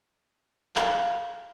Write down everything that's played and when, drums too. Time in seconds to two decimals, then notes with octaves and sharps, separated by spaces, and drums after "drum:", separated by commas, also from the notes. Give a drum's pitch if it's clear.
0.76 F5, drum: clap